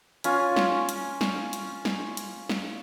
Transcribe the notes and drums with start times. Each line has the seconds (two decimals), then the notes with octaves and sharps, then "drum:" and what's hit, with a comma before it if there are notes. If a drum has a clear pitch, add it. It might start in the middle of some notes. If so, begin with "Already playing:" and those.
0.24 C#4 F4 G#5, drum: hi-hat
0.57 drum: snare
0.89 drum: hi-hat
1.21 drum: snare
1.53 drum: hi-hat
1.85 drum: snare
2.17 drum: hi-hat
2.49 drum: snare